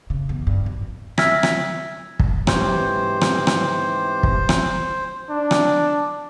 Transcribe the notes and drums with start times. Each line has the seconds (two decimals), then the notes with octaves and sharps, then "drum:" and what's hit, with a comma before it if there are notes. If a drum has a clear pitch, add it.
0.10 C#3
0.29 E2
0.47 G2
0.66 G#1
1.18 E5 E6 F6 G#6 A#6 B6, drum: rim click
1.43 drum: rim click
2.20 drum: kick
2.47 G#2 C3 E3 F#3 G4 C5, drum: rim click
3.21 drum: rim click
3.47 drum: rim click
4.23 drum: kick
4.49 drum: rim click
5.30 D4
5.51 drum: rim click